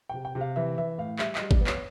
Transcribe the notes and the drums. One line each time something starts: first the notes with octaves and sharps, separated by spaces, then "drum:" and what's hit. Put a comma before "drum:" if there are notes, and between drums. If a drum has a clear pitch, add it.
C3 G5
G5
C3
F5
E3 E5
E3 E5
A2 F5
G3 E5, drum: clap
G3 D#5, drum: clap
D5, drum: kick G#1
B3
C#5, drum: clap